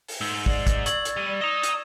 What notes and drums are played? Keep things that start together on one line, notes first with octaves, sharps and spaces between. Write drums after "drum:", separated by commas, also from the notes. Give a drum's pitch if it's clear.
drum: open hi-hat
G#2 E6
D5 C7 F#7, drum: kick
drum: kick, hi-hat
C#6 E6 G#6 F#7, drum: hi-hat
drum: hi-hat
G3 D#7
D#5 A#5 D#6 E7
drum: hi-hat